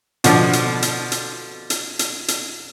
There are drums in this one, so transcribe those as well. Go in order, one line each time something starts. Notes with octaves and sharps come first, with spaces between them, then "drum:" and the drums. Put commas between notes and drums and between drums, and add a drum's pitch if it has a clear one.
B2 D3 F3, drum: hi-hat
drum: hi-hat
drum: hi-hat
drum: hi-hat
drum: hi-hat
drum: hi-hat
drum: hi-hat